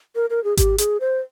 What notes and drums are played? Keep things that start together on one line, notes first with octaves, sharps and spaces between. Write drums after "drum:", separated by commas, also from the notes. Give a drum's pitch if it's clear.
A#4
A#4
G#4
G4, drum: kick G#1, hi-hat
G#4, drum: hi-hat
C5